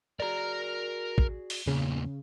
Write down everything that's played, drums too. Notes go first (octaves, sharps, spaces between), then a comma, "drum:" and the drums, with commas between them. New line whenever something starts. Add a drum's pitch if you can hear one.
F#4 G#4 A#4 D5 A#5
drum: kick A1
drum: open hi-hat
E2 A#2 C#3